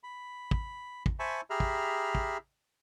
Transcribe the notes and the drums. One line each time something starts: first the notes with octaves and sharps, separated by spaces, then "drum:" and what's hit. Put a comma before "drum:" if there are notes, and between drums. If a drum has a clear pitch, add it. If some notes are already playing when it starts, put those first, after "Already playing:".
B5
drum: kick
drum: kick
C5 E5 G#5 A5 B5 C#6
G4 G#4 E5 A#5 B5 F6
drum: kick
drum: kick